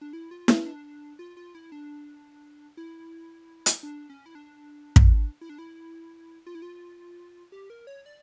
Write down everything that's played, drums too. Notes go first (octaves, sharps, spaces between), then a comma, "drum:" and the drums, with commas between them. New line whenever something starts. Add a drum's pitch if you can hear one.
D4
E4
F4
C#4, drum: snare E4
D4
F4
F4
E4
D4
E4
drum: hi-hat
D4
C#4
E4
D4
drum: kick
E4
D4
E4
F4
E4
F4
G4
A#4
C#5
D5